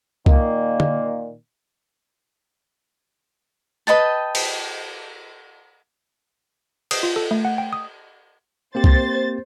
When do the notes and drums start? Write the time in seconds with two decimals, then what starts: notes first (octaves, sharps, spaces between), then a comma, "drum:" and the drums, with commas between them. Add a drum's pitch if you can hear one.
0.26 A#2 D#3 A#3, drum: kick
0.80 drum: tom D3
3.87 B4 D#5 G5 A5
4.35 drum: cymbal
6.91 D#6, drum: cymbal
7.03 F4
7.16 A4
7.31 A3
7.45 F#5
7.58 G5
7.73 D#6
8.75 A#3 C4 G4 C5 A6
8.84 drum: kick